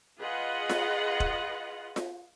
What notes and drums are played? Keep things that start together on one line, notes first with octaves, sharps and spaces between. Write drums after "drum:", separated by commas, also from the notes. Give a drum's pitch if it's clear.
F4 G#4 B4 D#5 F#5
drum: snare F4
drum: kick
drum: snare F4